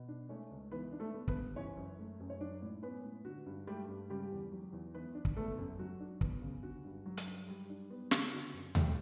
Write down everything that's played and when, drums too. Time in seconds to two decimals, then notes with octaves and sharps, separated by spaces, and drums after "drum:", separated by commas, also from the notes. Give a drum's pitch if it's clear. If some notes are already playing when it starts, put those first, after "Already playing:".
Already playing: B2
0.08 D4
0.29 A3 C#4 C#5
0.51 C#2
0.71 E3 B3 B4
0.92 D4
1.00 A3 A4
1.14 B3
1.28 B3 B4, drum: kick
1.36 G2
1.56 E3 C#4 C#5
1.77 F#2
1.99 A3
2.20 F#2
2.30 C#5
2.40 F#3 D4 D5
2.62 A2
2.82 B3 C#4 B4
3.04 A2
3.25 D3 F#4
3.46 G2
3.67 G3 A3 G4
3.88 G2
4.10 C#3 G3 G4
4.32 E2
4.52 F#3
4.73 E2
4.94 E3 B3 B4
5.15 D4
5.25 drum: kick
5.37 A3 B3 A4
5.58 F#2
5.79 F#3 F#4
6.00 D4
6.21 B3, drum: kick
6.42 C#3
6.63 D3 F#4
6.84 G2
7.06 F#3
7.17 drum: hi-hat
7.27 G2
7.48 G3
7.70 D4
7.90 B3
8.11 C#3, drum: snare
8.33 D3 F#4
8.54 F#2
8.75 G3 A3 G4, drum: tom D#2